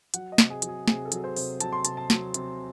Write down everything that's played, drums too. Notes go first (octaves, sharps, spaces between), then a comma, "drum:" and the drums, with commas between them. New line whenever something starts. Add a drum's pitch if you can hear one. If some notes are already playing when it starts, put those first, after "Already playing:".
F#3 F#5, drum: hi-hat
D#5
C3, drum: snare
G#4
F#3, drum: hi-hat
G#4
C3 G#4, drum: snare
A4
F#3, drum: hi-hat
C5
C3, drum: open hi-hat
F#3 A5, drum: hi-hat
C6
C3 A5, drum: hi-hat
A5
F#3, drum: snare
C3, drum: hi-hat